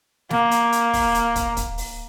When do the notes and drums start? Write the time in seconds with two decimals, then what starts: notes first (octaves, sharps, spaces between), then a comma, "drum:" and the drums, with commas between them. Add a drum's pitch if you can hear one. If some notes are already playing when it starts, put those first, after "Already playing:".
0.30 A#3, drum: snare
0.51 drum: hi-hat
0.72 drum: hi-hat
0.93 drum: kick, open hi-hat
1.14 drum: hi-hat
1.36 drum: kick, hi-hat
1.57 drum: kick, hi-hat
1.78 drum: open hi-hat